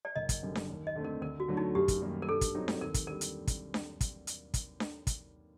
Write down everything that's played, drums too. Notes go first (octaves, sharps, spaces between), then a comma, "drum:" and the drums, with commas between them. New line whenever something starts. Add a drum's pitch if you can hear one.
D5
F#1 D#5
drum: kick, hi-hat
F#2 D3 G3
drum: snare D4
D#2
D#5
D3 A3 C4
A#4
D2 A#4
F#4
D3 F#3 A3
D#4
F#2 G4
drum: kick, hi-hat
D#3 G3 A#3
A#4
G2 A4
drum: kick, hi-hat
F#3 C4 D#4
drum: snare D4
D#2 A#4
drum: kick, hi-hat
D3 G3 A#4
drum: hi-hat
drum: kick, hi-hat
drum: snare D4
drum: kick, hi-hat
drum: hi-hat
drum: kick, hi-hat
drum: snare D4
drum: kick, hi-hat